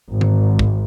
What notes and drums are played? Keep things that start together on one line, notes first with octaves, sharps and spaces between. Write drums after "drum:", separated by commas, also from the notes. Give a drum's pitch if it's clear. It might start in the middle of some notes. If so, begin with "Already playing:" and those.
G#1
drum: tom
drum: kick